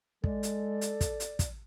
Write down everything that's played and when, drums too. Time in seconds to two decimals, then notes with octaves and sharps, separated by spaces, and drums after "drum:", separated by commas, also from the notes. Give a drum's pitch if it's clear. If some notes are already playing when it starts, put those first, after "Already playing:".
0.24 G#3 A4 D5, drum: kick
0.43 drum: hi-hat
0.81 drum: hi-hat
1.01 drum: kick, hi-hat
1.20 drum: hi-hat
1.39 drum: kick, hi-hat